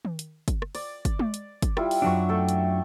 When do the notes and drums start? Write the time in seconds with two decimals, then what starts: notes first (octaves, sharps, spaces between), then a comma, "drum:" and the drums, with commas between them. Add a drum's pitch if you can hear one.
0.05 drum: tom D#3
0.19 drum: hi-hat
0.48 drum: kick, hi-hat
0.62 drum: rim click
0.75 D5, drum: open hi-hat
1.05 drum: kick, hi-hat
1.19 drum: tom G#3
1.34 drum: hi-hat
1.62 drum: kick, hi-hat
1.77 G3 E4 F4, drum: rim click
1.91 drum: open hi-hat
2.02 F#2 F#3 D4 F#5 C#6
2.29 A3 A4 G5
2.49 drum: hi-hat